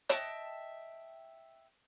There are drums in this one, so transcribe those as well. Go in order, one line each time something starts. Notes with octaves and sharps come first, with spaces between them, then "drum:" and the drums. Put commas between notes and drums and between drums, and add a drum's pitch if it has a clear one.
D#5 E5 G5 A5, drum: hi-hat